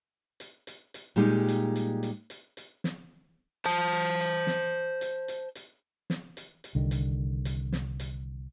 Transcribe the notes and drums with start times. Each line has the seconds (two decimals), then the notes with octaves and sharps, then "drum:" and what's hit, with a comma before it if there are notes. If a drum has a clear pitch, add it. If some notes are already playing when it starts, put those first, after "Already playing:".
0.40 drum: hi-hat
0.67 drum: hi-hat
0.94 drum: hi-hat
1.16 A#2 G3 G#3 D#4 G4
1.49 drum: hi-hat
1.76 drum: hi-hat
2.03 drum: hi-hat
2.30 drum: hi-hat
2.57 drum: hi-hat
2.84 drum: snare
3.66 C5 A5, drum: hi-hat
3.93 drum: hi-hat
4.20 drum: hi-hat
4.47 drum: snare
5.01 drum: hi-hat
5.28 drum: hi-hat
5.55 drum: hi-hat
6.10 drum: snare
6.37 drum: hi-hat
6.64 drum: hi-hat
6.75 C2 D3 D#3
6.91 drum: hi-hat
7.45 drum: hi-hat
7.72 drum: snare
8.00 drum: hi-hat